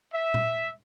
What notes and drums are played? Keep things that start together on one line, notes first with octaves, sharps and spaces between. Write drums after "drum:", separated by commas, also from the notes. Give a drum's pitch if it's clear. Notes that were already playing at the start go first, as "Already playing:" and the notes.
E5
drum: tom A#2